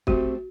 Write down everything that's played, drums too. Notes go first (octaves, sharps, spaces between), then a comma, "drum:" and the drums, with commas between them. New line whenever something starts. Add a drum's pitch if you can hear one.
A3 C4 F#4 G4 C5 E5, drum: kick